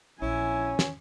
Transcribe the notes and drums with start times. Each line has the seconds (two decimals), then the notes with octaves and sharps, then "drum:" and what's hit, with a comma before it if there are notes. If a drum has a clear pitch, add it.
0.22 A#1 C#4 E4 G#5
0.79 drum: snare